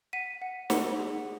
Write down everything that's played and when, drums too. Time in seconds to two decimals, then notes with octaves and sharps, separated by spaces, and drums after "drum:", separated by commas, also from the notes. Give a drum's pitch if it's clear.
0.13 F#5 B6 D#7
0.42 F#5
0.70 F#5, drum: snare
0.98 G#4